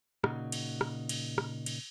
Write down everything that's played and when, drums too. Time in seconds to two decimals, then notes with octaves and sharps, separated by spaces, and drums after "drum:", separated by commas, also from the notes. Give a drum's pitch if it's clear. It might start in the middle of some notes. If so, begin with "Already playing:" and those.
0.24 A#2 C#3 D#4 F#4, drum: rim click
0.52 drum: cymbal
0.81 drum: rim click
1.09 drum: cymbal
1.38 drum: rim click
1.66 drum: cymbal